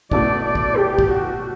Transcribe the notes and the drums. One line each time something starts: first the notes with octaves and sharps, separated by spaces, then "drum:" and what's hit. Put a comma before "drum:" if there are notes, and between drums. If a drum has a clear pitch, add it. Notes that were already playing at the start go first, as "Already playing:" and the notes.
B2 A3 E4 D5, drum: kick
D5
drum: kick
G4
drum: kick
F#4